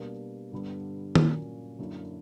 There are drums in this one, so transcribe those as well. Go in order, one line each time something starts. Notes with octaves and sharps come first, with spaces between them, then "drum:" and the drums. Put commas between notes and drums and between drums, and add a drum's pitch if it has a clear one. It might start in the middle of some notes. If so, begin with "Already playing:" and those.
Already playing: B2 G3 A#3 D4 A#4
G2 D3 G3 B3
A#2 F#3 A#3 C#4, drum: tom D#3
F#2 D3 A#3 E4